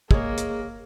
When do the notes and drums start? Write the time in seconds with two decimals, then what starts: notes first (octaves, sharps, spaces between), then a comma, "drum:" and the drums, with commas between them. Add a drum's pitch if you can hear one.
0.11 G#3 A#3 G#4 C#5, drum: kick
0.38 drum: hi-hat